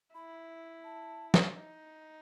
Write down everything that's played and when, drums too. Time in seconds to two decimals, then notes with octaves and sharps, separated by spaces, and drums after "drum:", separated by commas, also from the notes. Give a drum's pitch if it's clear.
0.15 E4 B5
0.84 A5
1.34 drum: snare
1.54 D#4